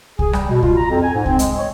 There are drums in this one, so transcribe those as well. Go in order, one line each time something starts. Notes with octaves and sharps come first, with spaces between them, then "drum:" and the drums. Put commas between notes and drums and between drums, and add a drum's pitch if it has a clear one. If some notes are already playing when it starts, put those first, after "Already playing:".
G#4, drum: kick C2
G3, drum: rim click
B2
F4, drum: kick C2
A#5
F2
G#5
G#2
C4, drum: kick C2
G#3, drum: hi-hat
C#5